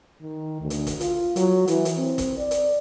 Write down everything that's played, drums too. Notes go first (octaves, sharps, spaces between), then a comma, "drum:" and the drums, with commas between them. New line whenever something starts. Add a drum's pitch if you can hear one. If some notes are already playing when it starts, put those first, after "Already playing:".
D#3
D2
drum: hi-hat
drum: kick, hi-hat
F4, drum: hi-hat
F#3, drum: hi-hat
E3, drum: hi-hat
drum: hi-hat
C4
drum: kick, hi-hat
D5
drum: hi-hat